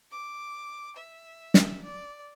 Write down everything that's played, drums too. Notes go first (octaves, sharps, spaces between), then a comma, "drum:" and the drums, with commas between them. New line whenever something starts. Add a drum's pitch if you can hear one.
D6
E5
drum: snare
D5